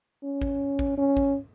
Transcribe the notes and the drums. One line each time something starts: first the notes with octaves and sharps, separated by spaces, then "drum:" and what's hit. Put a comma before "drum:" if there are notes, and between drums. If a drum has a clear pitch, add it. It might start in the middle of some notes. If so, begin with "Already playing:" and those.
C#4
drum: kick
drum: kick
C#4
drum: kick